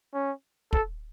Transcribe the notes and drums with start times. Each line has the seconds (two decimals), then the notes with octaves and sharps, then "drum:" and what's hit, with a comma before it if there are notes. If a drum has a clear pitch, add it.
0.14 C#4
0.73 A4, drum: kick